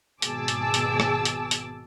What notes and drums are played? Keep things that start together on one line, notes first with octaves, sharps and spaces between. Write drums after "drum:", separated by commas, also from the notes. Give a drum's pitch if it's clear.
G#1 B2 G#4 A5 D6 E6, drum: hi-hat
drum: hi-hat
drum: hi-hat
drum: rim click
drum: hi-hat
drum: hi-hat